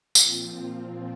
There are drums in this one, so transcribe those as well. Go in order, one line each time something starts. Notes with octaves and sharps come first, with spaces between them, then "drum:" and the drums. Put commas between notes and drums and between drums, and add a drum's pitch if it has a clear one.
A#2 F3 C4 F4, drum: tambourine